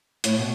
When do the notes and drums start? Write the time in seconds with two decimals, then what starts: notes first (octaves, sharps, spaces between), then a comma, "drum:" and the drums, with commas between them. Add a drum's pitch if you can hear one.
0.24 A2, drum: hi-hat
0.38 B2